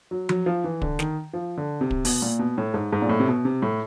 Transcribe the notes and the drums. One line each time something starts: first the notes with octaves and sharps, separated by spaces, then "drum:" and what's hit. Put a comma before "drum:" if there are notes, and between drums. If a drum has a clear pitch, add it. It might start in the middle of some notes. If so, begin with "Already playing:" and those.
F#3
F#3, drum: tom F3
F3
E3
D3, drum: kick
D#3, drum: snare
F3
D3
C3
drum: kick
B2, drum: open hi-hat
A#2
B2
A2
G#2
G#2
A#2
A2
C3
B2
C3
A2